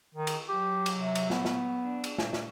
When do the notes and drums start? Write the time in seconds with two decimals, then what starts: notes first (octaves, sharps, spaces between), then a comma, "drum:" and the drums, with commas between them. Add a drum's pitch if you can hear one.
0.15 D#3
0.27 drum: cymbal
0.49 F#3 G4
0.86 drum: cymbal
0.97 C3
1.15 drum: cymbal
1.30 B3, drum: snare
1.45 drum: snare
1.83 D4
2.04 drum: cymbal
2.18 drum: snare
2.33 drum: snare